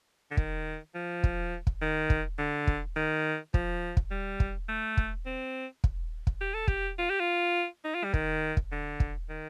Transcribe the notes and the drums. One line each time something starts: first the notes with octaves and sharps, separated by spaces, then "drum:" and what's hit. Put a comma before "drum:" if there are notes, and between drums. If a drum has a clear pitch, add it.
D3
D#3, drum: kick
F3
drum: kick
drum: kick
D#3
drum: kick
D3
drum: kick
D#3
F3, drum: kick
drum: kick
G3
drum: kick
A3
drum: kick
C4
drum: kick
drum: kick
G4
A4
G4, drum: kick
F4
G4
F4
D#4
F4
G3
D#3, drum: kick
drum: kick
D3
drum: kick
D#3